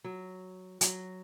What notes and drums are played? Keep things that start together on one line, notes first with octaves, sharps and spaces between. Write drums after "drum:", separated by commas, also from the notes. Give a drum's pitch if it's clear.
F#3
F#3, drum: hi-hat